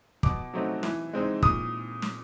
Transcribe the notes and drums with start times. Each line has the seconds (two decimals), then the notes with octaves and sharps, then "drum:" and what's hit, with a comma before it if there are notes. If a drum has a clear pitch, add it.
0.23 B2 D6, drum: kick
0.54 F#3 A3 C4 D#4
0.83 E3, drum: snare
1.13 G#3 C4 D#4
1.42 A#2 D#6, drum: kick
2.02 drum: snare